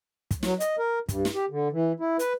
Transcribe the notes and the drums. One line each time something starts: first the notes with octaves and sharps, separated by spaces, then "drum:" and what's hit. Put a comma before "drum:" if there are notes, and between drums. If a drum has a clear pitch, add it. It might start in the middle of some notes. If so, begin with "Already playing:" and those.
drum: kick, hi-hat
F#3, drum: snare
D#5, drum: hi-hat
A#4
G2, drum: kick, hi-hat
drum: snare
G4
D3
E3
E4
B4, drum: hi-hat